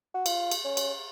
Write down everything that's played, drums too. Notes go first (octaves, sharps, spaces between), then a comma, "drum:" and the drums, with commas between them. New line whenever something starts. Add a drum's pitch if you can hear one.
F#4
F4, drum: cymbal
drum: cymbal
C#4
drum: cymbal